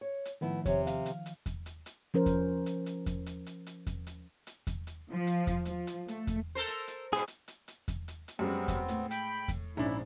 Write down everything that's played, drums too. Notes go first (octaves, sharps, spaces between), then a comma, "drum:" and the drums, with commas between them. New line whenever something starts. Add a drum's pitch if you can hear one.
C#5
drum: hi-hat
A2 D#3 F3 B3 E4
C3 C#5, drum: kick E2, hi-hat
F5, drum: hi-hat
drum: hi-hat
drum: hi-hat
drum: kick E2, hi-hat
drum: hi-hat
drum: hi-hat
F3 C#4 A#4 C5
drum: kick E2, hi-hat
drum: hi-hat
drum: hi-hat
drum: kick E2, hi-hat
drum: hi-hat
drum: hi-hat
drum: hi-hat
drum: kick E2, hi-hat
drum: hi-hat
drum: hi-hat
drum: kick E2, hi-hat
drum: hi-hat
F3
drum: hi-hat
drum: kick E2, hi-hat
F3, drum: hi-hat
drum: hi-hat
A3, drum: hi-hat
drum: kick E2, hi-hat
A4 A#4 C5
drum: hi-hat
drum: hi-hat
G#2 B2 G#4
drum: hi-hat
drum: hi-hat
drum: hi-hat
drum: kick E2, hi-hat
drum: hi-hat
drum: hi-hat
F#2 G3 G#3 B3 C4 G#4
drum: kick E2, hi-hat
A2, drum: hi-hat
G5 B5, drum: hi-hat
drum: kick E2, hi-hat
A#1 G#2 C#4 D4 E4